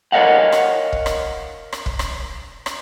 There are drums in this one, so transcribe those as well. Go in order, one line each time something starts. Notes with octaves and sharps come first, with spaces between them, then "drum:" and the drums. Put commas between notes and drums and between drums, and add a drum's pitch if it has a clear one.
A#4 C#5 D#5 F5 F#5
drum: rim click
drum: kick
drum: rim click
drum: rim click
drum: kick
drum: rim click
drum: rim click